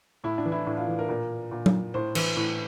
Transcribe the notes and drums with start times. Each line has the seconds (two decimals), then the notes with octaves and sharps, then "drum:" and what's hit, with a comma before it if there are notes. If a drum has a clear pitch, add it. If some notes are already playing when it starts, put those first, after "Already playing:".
0.24 A2 E4
0.38 D4
0.45 E3
0.52 E4
0.66 A2 D4
0.77 F4
0.88 E3
0.99 A#4
1.09 A#2 A#4
1.52 A#2
1.66 drum: tom F#3
1.94 A2 C5
2.15 E3, drum: cymbal
2.37 A2